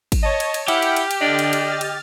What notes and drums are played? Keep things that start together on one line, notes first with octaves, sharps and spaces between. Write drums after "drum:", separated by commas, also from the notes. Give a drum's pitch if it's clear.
drum: kick G#1, cymbal
C#5 D#5 A5
drum: cymbal
drum: cymbal
E4 G4 F#5 F6 G6, drum: cymbal
drum: cymbal
drum: cymbal
drum: cymbal
D3 D4 D#5 F6 A6
drum: cymbal
drum: cymbal
F6 A6
drum: cymbal